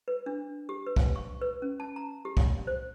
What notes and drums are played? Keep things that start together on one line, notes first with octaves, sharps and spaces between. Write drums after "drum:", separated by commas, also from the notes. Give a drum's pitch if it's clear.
B4
D4
G4
B4
drum: kick
C#6
B4
C#4
A5
A#5
G4
drum: kick
C5